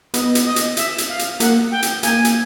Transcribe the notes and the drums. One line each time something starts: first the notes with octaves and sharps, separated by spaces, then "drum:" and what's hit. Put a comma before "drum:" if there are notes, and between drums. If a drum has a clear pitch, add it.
B3 D#5, drum: hi-hat
drum: hi-hat
D#5
drum: hi-hat
E5, drum: hi-hat
drum: hi-hat
F5
drum: hi-hat
A#3 F#5, drum: hi-hat
G5
drum: hi-hat
A#3 G#5, drum: hi-hat
drum: hi-hat